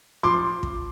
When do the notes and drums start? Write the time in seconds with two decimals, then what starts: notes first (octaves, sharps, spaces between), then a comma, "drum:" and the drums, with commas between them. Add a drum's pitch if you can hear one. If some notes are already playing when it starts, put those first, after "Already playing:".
0.23 F3 C6 D6
0.63 drum: kick